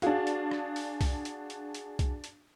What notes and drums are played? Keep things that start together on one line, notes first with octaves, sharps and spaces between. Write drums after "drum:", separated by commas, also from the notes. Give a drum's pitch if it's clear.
D4 F#4 G#4 F5, drum: hi-hat
drum: hi-hat
drum: rim click
drum: open hi-hat
drum: kick, open hi-hat
drum: hi-hat
drum: hi-hat
drum: hi-hat
drum: kick, hi-hat
drum: hi-hat